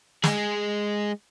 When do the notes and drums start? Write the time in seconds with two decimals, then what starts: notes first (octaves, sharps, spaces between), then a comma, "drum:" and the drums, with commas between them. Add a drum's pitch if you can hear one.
0.24 G#3 G#4, drum: snare